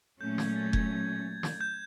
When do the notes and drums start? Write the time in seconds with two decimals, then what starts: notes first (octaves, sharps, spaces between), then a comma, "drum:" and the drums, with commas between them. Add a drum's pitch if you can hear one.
0.21 A#2 F#3 A3 C#4 G6
0.38 G#6, drum: snare
0.56 A6
0.73 G#6, drum: kick F1
1.43 drum: snare
1.61 G6